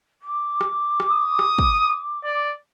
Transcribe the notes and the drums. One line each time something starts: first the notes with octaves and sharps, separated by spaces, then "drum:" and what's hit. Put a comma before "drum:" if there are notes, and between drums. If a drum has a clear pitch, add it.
D6
drum: rim click
drum: rim click
D#6
drum: rim click
drum: kick
D5